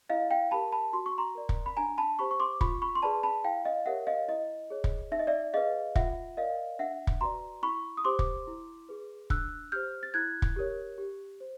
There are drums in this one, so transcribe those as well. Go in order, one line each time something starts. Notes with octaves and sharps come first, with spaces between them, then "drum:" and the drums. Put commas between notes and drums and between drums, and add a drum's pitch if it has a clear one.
E4 D#5 F5
F5 G5
G4 A#4 A5 B5
A5 B5
F#4 C6
C#6
A#5 C6
A#4 D5
drum: kick
B5
D4 G#5 A#5
A5 B5
G4 C5 B5 C#6
C#6
C6 D6
F4 B5 C#6, drum: kick
B5 C#6
C6
G#4 B4 D5 A5 B5
A5 B5
E4 F5 G5
D#5 F5
G4 A#4 C#5 E5 F#5
D#5 F5
E4 D#5
G#4 C#5
drum: kick
D#4 E5
D#5
D5 E5
G#4 B4 D#5 F5
F4 E5 F#5, drum: kick
A#4 D5 D#5 F5
D4 E5 F#5
drum: kick
F#4 B4 D5 A#5 C6
E4 B5 C#6
D#6
G4 C5 C6 D6
drum: kick
E4
G#4 B4
D4 E6 F#6, drum: kick
G4 C5 F6 G6
A6
E4 F#6 G#6
drum: kick
G4 A#4 C#5
G4
C5